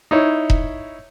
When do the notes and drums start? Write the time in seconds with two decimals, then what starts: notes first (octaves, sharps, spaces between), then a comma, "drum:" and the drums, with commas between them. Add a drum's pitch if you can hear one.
0.11 D#4 E4 C#5
0.50 drum: kick E1